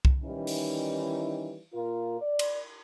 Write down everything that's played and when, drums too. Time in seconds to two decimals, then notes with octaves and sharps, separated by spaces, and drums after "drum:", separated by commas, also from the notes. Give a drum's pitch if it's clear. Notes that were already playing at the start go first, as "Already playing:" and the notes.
0.05 drum: kick C2
0.24 D#3 E3 G3 C#4 D#4 E4
0.47 drum: open hi-hat
1.74 A#2 F4 A#4
2.21 D5
2.39 drum: cymbal